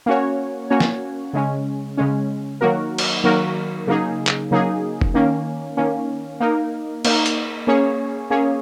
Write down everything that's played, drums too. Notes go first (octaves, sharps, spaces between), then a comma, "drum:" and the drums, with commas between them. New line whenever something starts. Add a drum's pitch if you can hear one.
A#3 C#4 F#4 C#5
A#3 C#4 F#4 C#5
drum: snare
C#3 G#3 C#4
C#3 G#3 C#4
D#3 F#3 A#3 F#4 A#4
drum: cymbal
D#3 F#3 A#3 F#4 A#4
C#3 F#3 A#3 D#4 G#4
drum: clap
C#3 F#3 A#3 D#4 G#4
drum: kick
D#3 A#3 C#4
D#3 A#3 C#4
A#3 D#4 A#4
A#3 D#4 A#4, drum: cymbal
drum: hi-hat
A#3 C#4 G#4 C#5
A#3 C#4 G#4 C#5